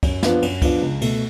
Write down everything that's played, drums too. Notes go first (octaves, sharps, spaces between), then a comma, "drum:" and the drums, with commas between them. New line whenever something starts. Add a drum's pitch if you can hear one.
F#2, drum: kick, cymbal
F3 B3 D4 F4, drum: snare
F#2, drum: cymbal
F3 B3 D4 F4, drum: kick, cymbal
C#2
B2 A3, drum: cymbal